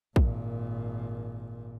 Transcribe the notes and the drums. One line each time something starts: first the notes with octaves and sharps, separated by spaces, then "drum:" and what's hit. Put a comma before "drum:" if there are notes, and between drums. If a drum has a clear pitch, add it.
G#1 A#2, drum: kick